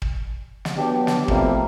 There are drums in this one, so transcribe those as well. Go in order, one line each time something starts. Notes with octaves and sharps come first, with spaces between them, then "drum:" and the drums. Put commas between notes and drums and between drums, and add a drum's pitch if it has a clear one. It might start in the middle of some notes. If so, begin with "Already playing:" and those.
drum: kick
drum: snare
F#3 B3 D4 G4
drum: snare
B2 F3 G3 A3 A#3 C4, drum: kick